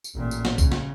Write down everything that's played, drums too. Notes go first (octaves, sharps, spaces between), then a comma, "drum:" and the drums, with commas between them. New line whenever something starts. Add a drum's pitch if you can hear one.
drum: tambourine
A1 A#2
drum: tambourine
drum: snare
C#3, drum: kick, tambourine
drum: snare